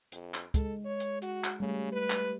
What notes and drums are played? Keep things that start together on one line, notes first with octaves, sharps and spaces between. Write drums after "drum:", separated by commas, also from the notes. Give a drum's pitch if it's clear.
F2, drum: hi-hat
drum: clap
G#3 A4, drum: kick, hi-hat
C#5
drum: hi-hat
F#4, drum: hi-hat
drum: clap
C#3 G3 A3
B4
drum: clap